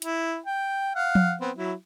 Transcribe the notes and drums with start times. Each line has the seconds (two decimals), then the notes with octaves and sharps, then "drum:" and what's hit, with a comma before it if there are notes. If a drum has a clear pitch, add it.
0.02 E4, drum: hi-hat
0.46 G5
0.95 F5 F#5
1.15 drum: tom F3
1.41 B3 C4
1.56 F#3 E4